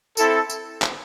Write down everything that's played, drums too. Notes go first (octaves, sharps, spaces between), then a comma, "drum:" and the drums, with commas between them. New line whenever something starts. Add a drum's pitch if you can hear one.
C4 E4 A4, drum: tambourine
drum: tambourine
drum: clap